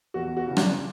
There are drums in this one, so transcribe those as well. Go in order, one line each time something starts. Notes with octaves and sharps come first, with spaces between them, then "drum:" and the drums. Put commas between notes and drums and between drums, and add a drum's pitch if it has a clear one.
E2 F#4
F#4
C#3 E3
D4, drum: rim click